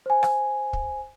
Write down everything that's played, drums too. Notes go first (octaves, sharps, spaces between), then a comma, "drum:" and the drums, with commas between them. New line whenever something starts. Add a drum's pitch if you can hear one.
C5 G#5
drum: rim click
drum: kick